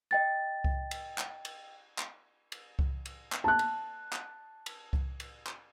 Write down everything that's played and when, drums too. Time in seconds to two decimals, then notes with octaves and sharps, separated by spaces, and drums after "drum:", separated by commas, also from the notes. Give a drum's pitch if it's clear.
0.11 D#5 G5 A6
0.64 drum: kick C2
0.91 drum: cymbal
1.18 drum: clap
1.45 drum: cymbal
1.98 drum: clap
2.52 drum: cymbal
2.79 drum: kick C2
3.06 drum: cymbal
3.32 drum: clap
3.44 A5 F#6
3.59 drum: cymbal
4.13 drum: clap
4.66 drum: cymbal
4.93 drum: kick C2
5.20 drum: cymbal
5.47 drum: clap